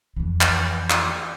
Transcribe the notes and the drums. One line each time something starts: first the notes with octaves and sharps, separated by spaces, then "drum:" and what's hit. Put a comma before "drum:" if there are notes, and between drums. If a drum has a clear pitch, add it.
F2 E3
drum: clap
drum: clap